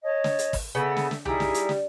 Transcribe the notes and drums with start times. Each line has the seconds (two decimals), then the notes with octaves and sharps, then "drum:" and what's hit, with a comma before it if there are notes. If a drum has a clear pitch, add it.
0.03 C#5 D#5 A5
0.24 drum: snare
0.39 drum: hi-hat
0.53 drum: kick, open hi-hat
0.75 C#3 B3 A4 E5
0.97 drum: snare
1.11 drum: snare
1.25 G3 D#4 E4 G#4, drum: tom C2
1.40 drum: snare
1.54 drum: hi-hat
1.69 drum: snare